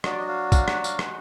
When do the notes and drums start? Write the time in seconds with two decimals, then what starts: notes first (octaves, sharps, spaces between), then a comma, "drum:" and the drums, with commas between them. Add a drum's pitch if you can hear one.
0.04 F#3 D4 F#4 D#5, drum: rim click
0.12 D5
0.18 D#5
0.28 F5
0.52 F5, drum: kick, tambourine
0.68 F#5, drum: rim click
0.84 F5, drum: tambourine
0.99 G#3 D#4 F#4 F#5, drum: rim click